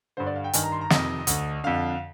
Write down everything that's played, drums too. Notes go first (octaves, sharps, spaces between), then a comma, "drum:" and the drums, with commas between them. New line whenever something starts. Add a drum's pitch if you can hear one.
G2 D3 C5
D5
F5
G5
G2 D#3 G#5, drum: hi-hat
A#5
C6
A#5
F2 C3 D#3 D#5, drum: snare
D2 D3, drum: hi-hat
F2 D3 F5